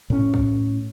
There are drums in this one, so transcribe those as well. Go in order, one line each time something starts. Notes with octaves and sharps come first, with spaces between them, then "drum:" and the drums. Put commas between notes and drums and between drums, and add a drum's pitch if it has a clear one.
A2 C#4
drum: kick